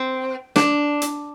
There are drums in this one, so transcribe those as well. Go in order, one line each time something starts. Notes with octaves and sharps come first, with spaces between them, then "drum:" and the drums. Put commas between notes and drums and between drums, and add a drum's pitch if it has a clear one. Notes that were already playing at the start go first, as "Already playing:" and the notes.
Already playing: C4
D4, drum: snare
drum: hi-hat